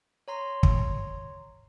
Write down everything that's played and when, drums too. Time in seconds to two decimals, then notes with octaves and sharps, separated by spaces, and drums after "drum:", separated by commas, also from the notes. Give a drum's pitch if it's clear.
0.28 C#5 A#5 C6
0.63 drum: kick